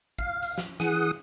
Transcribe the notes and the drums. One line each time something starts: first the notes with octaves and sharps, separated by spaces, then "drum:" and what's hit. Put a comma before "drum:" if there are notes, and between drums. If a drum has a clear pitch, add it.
F5, drum: kick G#1
drum: hi-hat
drum: snare
E3 G#4 F#5 D#6, drum: snare